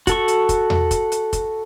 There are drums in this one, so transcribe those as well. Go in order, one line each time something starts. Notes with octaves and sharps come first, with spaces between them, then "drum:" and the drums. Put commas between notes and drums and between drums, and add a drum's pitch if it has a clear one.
F#4 A4 C#6, drum: kick, hi-hat
drum: hi-hat
drum: kick, hi-hat
drum: tom E2
drum: kick, hi-hat
drum: hi-hat
drum: kick, hi-hat